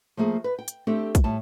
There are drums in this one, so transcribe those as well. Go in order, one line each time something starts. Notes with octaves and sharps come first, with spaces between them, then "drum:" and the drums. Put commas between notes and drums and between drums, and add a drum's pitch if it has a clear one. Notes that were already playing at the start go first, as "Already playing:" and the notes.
F3 A3 A#3 G#4
B4
G5
drum: hi-hat
A3 C4 D4 G4 A4
drum: kick, hi-hat
A2 G3 A5